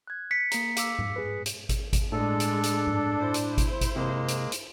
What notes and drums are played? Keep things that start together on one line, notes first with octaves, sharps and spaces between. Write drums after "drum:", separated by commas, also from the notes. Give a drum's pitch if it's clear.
F#6 G#6
B6 C#7
A#3 A#5, drum: hi-hat
F5 D6 E6, drum: hi-hat
drum: tom G#2
G#4 B4
drum: hi-hat
drum: kick G#1, hi-hat
drum: kick G#1, hi-hat
A2 G#3 D4 A4
drum: hi-hat
drum: hi-hat
drum: tom G#2
E4 C5
drum: hi-hat
drum: kick G#1, hi-hat
drum: kick G#1, hi-hat
C3 G#3 A#3
drum: hi-hat
drum: hi-hat